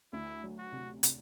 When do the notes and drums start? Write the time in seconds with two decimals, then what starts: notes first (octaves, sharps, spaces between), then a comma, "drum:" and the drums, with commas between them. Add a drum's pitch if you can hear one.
0.13 D2 E4
0.43 F#3
0.58 F#4
0.72 C3
1.03 C3, drum: hi-hat